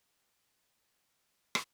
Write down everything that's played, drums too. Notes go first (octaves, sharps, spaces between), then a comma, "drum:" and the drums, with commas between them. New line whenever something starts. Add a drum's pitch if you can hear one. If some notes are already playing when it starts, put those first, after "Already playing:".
G#1 A2 A#3 B4
D#2 G3 G#3 C#5 A#5
drum: rim click